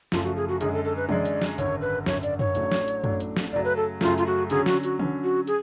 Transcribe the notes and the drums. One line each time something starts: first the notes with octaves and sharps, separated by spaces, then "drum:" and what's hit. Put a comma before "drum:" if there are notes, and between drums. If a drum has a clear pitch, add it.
F#1 F#2 F3 A3 F4, drum: snare
F#4
G#4
F#4
F#2 D3 G#3 G#4, drum: hi-hat
A4
A4
B4
F#2 D3 G#3 D5, drum: tom E3
drum: hi-hat
drum: snare
G#1 F#2 D3 C#5, drum: hi-hat
B4
G#1 F#2 D3 C#5, drum: snare
D5, drum: hi-hat
C#5, drum: tom F#2
A1 A2 F#3 A3 D4, drum: hi-hat
drum: snare
drum: hi-hat
A1 A2 F#3 A3 D4, drum: tom F#2
drum: hi-hat
drum: snare
F#2 C#3 F#3 A3 D5
B4
A4
F#2 C#3 F#3 A3 F4, drum: snare
F4, drum: hi-hat
F#4
D3 F#3 C#4 G#4, drum: hi-hat
F#4, drum: snare
F#4, drum: hi-hat
D3 F#3 C#4, drum: tom D#3
F#4
G#4, drum: hi-hat